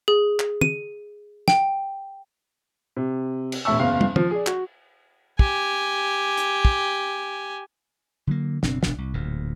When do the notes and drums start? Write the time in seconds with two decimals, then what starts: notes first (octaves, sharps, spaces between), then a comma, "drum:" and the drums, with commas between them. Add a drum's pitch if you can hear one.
0.08 G#4
0.40 drum: clap
0.61 D#7, drum: tom
1.48 G5, drum: snare
2.97 C3
3.52 drum: cymbal
3.65 E1 A2 E5 A5 C#6 E6
3.80 F#1 E2 F5
4.01 drum: tom
4.16 F3, drum: tom
4.31 G#4 D5
4.47 F#4, drum: clap
5.39 G4 G#5, drum: kick
6.38 drum: hi-hat
6.65 drum: kick
8.27 D3 F#3 A#3
8.63 F#1 B2 C4 D4, drum: snare
8.83 E1 C2 B2 D4, drum: snare
8.98 C2
9.14 D1 D2 A#2